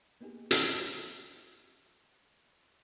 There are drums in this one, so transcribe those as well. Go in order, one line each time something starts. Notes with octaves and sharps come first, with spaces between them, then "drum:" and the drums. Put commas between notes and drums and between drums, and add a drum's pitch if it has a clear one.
A#3 B3 D#4 G4 G#4
drum: hi-hat